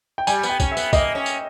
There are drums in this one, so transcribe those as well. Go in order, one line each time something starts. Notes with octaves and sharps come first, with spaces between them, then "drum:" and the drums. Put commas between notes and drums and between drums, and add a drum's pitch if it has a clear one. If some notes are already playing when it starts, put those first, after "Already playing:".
G5
G3 G#5, drum: tambourine
B3, drum: tambourine
G5
C#4, drum: kick, tambourine
E5
B3, drum: tambourine
A#3 D#5, drum: kick, tambourine
C#4
drum: tambourine